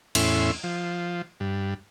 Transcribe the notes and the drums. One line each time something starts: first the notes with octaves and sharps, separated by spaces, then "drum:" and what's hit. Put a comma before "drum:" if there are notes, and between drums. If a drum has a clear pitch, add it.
E2 A2 C#4 E5 C6, drum: cymbal
F3
G2